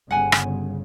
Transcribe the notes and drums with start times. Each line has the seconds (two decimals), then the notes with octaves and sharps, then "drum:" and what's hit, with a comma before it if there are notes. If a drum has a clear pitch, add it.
0.11 G1 C#3 F#5 G#5
0.32 drum: rim click